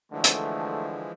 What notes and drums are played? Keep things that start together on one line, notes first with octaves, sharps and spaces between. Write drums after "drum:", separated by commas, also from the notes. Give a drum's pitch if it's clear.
D3 E3 F3 G#3 A3
drum: hi-hat